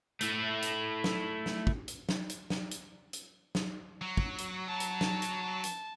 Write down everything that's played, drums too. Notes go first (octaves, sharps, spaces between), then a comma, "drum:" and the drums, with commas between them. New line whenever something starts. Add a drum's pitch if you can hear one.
A3 E4, drum: hi-hat
drum: hi-hat
drum: snare
drum: snare
drum: kick
drum: hi-hat
drum: snare
drum: hi-hat
drum: snare
drum: hi-hat
drum: hi-hat
drum: snare
F#3
drum: kick
drum: hi-hat
A5
drum: hi-hat
drum: snare
drum: hi-hat
drum: hi-hat